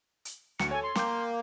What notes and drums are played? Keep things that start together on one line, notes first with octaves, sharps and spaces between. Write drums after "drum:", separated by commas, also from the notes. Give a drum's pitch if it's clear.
drum: hi-hat
D2 F#4 C#7, drum: snare
A4 C#5 G#5
C6
A#3 G5 D6 G6, drum: snare